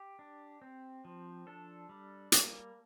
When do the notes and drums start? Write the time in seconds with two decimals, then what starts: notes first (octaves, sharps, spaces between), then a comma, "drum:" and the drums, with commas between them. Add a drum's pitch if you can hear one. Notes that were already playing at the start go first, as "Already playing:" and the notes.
Already playing: G4
0.19 D4
0.62 C4
1.05 F3
1.47 D4 A4
1.89 G3
2.32 A#3, drum: hi-hat